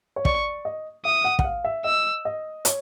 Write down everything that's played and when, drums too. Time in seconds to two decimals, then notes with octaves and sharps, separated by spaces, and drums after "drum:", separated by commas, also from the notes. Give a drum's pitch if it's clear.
0.16 C#5
0.25 D5 C#6, drum: kick
0.65 D#5
1.05 E5 D#6
1.24 F#5
1.39 F#5, drum: kick
1.44 F5
1.64 E5
1.84 D#5 E6
2.25 D#5
2.65 C#5, drum: hi-hat